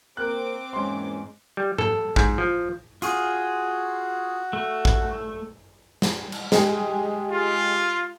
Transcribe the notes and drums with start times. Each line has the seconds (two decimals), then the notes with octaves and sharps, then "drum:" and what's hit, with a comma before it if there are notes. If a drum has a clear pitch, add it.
0.17 A#3 C4 A#4 D6 F#6
0.73 E2 G#2 A#3 C#4 C6
1.57 G3
1.78 A4, drum: tom G#2
2.16 G#2, drum: kick
2.38 F3
3.02 F4 F#4 G#4, drum: hi-hat
4.53 A3
4.85 drum: kick
6.02 drum: snare
6.32 drum: cymbal
6.52 G#3 G4, drum: snare
7.32 F4